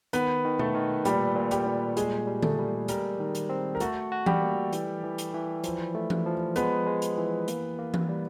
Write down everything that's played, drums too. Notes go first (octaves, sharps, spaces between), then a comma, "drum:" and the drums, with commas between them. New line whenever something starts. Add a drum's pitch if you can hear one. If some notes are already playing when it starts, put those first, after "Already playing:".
D#3 B3 B4, drum: hi-hat
D#3
A3 A4, drum: tom B2
D#3
A#2 G3 G4, drum: hi-hat
A#2
G3 G4, drum: hi-hat
A#2
G3 G#3 G#4, drum: hi-hat
G3
A3 A4, drum: tom D3
G3
G3 A#3 A#4, drum: hi-hat
D#3
drum: hi-hat
C4
A#4
A3 F#4 A4, drum: hi-hat
F#4
G3 G4, drum: tom E3
A#3
E3, drum: hi-hat
E3
drum: hi-hat
E3
F3, drum: hi-hat
A3
drum: tom E3
F3
G#3 B3 B4, drum: hi-hat
G#3
drum: hi-hat
E3
A#3, drum: hi-hat
A#3
drum: tom E3
G3